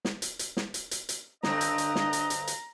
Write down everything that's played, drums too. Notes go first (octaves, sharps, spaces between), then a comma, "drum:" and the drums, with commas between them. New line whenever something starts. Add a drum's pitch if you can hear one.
drum: snare
drum: hi-hat
drum: hi-hat
drum: snare
drum: hi-hat
drum: hi-hat
drum: hi-hat
G2 D3 C4 D4 D#5 A#5, drum: snare
drum: hi-hat
drum: hi-hat
drum: snare
drum: hi-hat
drum: hi-hat
drum: hi-hat